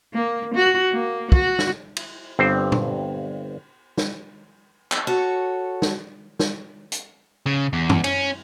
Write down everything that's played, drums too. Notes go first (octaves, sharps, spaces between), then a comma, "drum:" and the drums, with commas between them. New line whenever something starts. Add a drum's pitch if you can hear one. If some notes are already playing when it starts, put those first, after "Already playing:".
A#3
F#4
A#3
F#4, drum: kick
drum: snare
drum: cymbal
G1 G2 C4 C5
drum: tom A#2
drum: snare
drum: clap
F#4 A4 C#5
drum: snare
drum: snare
drum: hi-hat
C#3
E2
drum: tom
C#4, drum: cymbal